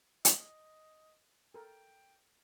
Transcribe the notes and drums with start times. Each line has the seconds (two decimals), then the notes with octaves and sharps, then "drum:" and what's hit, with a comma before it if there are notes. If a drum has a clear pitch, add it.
0.25 D#5, drum: hi-hat
1.54 A4 A#4 G5